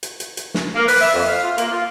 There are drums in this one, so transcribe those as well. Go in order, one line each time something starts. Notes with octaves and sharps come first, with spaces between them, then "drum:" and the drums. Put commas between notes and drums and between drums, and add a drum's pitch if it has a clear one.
drum: hi-hat
drum: hi-hat
drum: hi-hat
drum: snare
A#3
B4, drum: open hi-hat
E5
F2
F5
F4
A#3, drum: hi-hat
F4